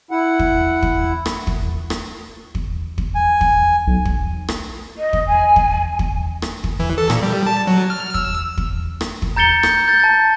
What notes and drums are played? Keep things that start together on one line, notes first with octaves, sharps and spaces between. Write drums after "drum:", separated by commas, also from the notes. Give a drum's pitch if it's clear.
E4 F#5
drum: kick
drum: kick
drum: rim click
drum: kick
drum: rim click
drum: kick
drum: kick
G#5
drum: kick
B1
drum: kick
drum: rim click
D#5
drum: kick
G#5
drum: kick
drum: kick
drum: rim click
drum: kick
E3
A4
A#2, drum: rim click
G3
A5
F#3
F6
E6, drum: kick
drum: kick
drum: rim click
drum: kick
A#5 G6 A6 C#7 G7
G6, drum: rim click
G6 A6
A5 A6